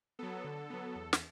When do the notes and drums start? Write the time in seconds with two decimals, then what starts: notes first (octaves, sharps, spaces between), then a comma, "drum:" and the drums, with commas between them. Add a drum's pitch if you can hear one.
0.19 F#3 B3 A4
0.44 D3
0.70 F#3 B3
0.95 E2
1.13 drum: snare